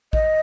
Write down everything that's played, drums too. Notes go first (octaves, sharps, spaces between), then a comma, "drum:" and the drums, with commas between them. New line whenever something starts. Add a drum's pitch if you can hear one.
D#5, drum: kick A1